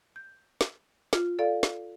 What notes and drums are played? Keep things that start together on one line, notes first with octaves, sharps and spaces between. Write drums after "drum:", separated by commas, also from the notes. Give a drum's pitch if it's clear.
G6
drum: snare
F4, drum: snare
A4 D5 F5
drum: snare